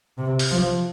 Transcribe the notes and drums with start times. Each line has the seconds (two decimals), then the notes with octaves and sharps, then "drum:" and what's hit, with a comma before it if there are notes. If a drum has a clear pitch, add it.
0.18 C3
0.39 drum: open hi-hat
0.51 F3